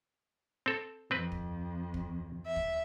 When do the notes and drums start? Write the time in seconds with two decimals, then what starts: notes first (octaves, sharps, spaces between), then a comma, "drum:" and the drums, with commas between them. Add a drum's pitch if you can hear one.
0.66 C4 A4
1.11 F2 C4 B4
1.32 drum: kick
1.94 drum: kick
2.47 E5
2.56 drum: kick